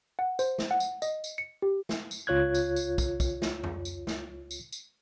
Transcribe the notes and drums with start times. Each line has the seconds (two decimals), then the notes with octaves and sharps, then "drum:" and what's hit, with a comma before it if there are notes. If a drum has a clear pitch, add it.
0.19 F#5
0.39 C5, drum: tambourine
0.58 drum: snare
0.71 F#5
0.80 drum: tambourine
1.02 D#5, drum: tambourine
1.24 drum: tambourine
1.38 C#7
1.62 G4
1.89 drum: snare
2.11 drum: tambourine
2.27 C#2 F4 C#5 F#6 G#6
2.55 drum: tambourine
2.76 drum: tambourine
2.98 drum: kick, tambourine
3.20 drum: kick, tambourine
3.42 drum: snare
3.64 drum: tom F2
3.85 drum: tambourine
4.07 drum: snare
4.51 drum: tambourine
4.72 drum: tambourine